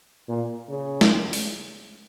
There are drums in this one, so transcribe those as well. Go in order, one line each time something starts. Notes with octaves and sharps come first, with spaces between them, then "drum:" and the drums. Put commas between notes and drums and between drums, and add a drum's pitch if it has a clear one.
A#2
C#3
drum: snare
drum: open hi-hat